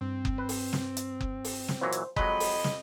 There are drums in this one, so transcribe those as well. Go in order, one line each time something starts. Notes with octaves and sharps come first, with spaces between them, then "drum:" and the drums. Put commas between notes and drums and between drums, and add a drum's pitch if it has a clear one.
G2 C4
drum: kick F#1
B4
drum: open hi-hat
drum: snare
drum: hi-hat
drum: kick F#1
drum: open hi-hat
drum: snare
A#2 E3 F#3 C5
drum: hi-hat
F2 F#3 G#3 D#5 B5, drum: kick F#1
drum: open hi-hat
drum: snare